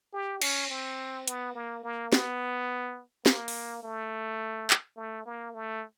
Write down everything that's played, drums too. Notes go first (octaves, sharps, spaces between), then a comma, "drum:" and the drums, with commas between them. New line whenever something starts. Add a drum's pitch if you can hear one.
G4
C#4, drum: cymbal
C4
B3, drum: hi-hat
A#3
A#3
B3, drum: snare
A#3, drum: snare
drum: open hi-hat
A3
drum: clap
A3
A#3
A3